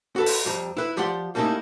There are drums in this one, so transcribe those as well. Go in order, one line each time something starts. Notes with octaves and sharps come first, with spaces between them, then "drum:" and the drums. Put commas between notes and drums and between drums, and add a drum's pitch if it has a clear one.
F#4 A4 B4
drum: open hi-hat
F2 G3 A#5
E4 B4
F3 G4 D5 F#5 C6
G3 A3 A#3 C#4 D#4 E4